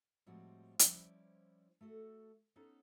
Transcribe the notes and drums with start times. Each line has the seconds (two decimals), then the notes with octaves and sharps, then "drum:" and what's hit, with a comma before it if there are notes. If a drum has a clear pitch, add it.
0.26 A2 F3 G3 G#3 C4 F#4
0.79 F3 G3 C#4 E4 C5 D5, drum: hi-hat
1.81 A3 F#4 A4
2.56 B3 C#4 D#4 A4 C5